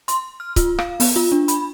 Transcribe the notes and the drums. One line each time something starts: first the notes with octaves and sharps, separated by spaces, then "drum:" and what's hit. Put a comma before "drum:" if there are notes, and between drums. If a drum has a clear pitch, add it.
C6, drum: hi-hat
F6
F4, drum: kick C#1, hi-hat
F5, drum: rim click
B3, drum: open hi-hat
F4
D4
B5, drum: hi-hat